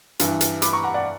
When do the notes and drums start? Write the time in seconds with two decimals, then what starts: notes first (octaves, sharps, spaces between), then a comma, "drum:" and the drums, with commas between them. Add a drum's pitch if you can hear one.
0.19 G2 E3, drum: hi-hat
0.41 drum: hi-hat
0.62 B5 D6, drum: hi-hat
0.73 A#5 C#6
0.84 F#5 A#5
0.94 D5 F#5